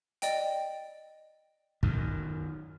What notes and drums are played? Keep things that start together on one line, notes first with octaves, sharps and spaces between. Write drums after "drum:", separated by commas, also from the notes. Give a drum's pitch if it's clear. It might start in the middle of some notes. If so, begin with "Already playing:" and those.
D5 D#5 G5, drum: hi-hat
F#2 D#3, drum: kick